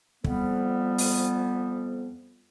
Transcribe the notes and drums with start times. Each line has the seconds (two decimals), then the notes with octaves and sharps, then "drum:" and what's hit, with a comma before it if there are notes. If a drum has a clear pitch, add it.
0.24 F2 G3 B3, drum: kick
0.98 drum: open hi-hat